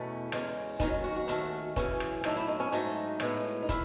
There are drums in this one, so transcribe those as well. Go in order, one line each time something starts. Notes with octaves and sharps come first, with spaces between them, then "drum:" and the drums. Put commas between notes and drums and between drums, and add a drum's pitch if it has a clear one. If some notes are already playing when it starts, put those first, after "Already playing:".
Already playing: E2 B2 A3 C#4
E2 C#3 G#3 C#4, drum: rim click
D#2 D#3 F#3 C#4 D#4, drum: kick, hi-hat
F#4
F#4
D#2 D#3 A3 C#4, drum: hi-hat
F#2 C#3 E3 C#4, drum: kick, hi-hat
drum: rim click
A2 F#3 A3 D#4, drum: rim click
E4
D#4
C#4
G#2 F#3 A3 D#4, drum: hi-hat
A2 G#3 B3, drum: rim click
D#4
D#3 E4, drum: kick, hi-hat